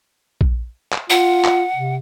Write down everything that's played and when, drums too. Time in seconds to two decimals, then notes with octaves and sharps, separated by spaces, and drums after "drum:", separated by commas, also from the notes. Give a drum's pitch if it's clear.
0.41 drum: kick A#1
0.93 drum: clap
1.10 F4 F#5
1.45 drum: clap
1.76 C3